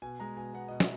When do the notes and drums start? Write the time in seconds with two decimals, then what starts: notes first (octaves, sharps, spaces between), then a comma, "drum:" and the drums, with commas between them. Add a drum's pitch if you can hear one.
0.02 B2 G#5
0.20 G#3 A#5
0.37 B2 G#5
0.53 B3 F#5
0.68 B2 D#5
0.80 E5, drum: snare